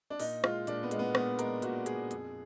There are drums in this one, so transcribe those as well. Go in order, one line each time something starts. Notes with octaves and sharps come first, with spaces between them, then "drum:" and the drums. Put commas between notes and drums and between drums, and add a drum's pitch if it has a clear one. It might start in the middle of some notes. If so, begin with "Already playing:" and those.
D4
A#2 D#4, drum: open hi-hat
G#3 F4, drum: rim click
A#2 D4, drum: hi-hat
B3
G#3, drum: hi-hat
B3
A#2 B3, drum: rim click
G#3 A#4, drum: hi-hat
A#2 F#4, drum: hi-hat
G#3 G#4, drum: hi-hat
F2, drum: hi-hat